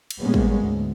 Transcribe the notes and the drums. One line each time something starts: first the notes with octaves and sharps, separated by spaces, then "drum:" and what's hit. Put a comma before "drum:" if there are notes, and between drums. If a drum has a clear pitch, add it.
drum: cymbal
A#2 G3 G#3 A#3 B3 C#4
drum: kick
D2 G#2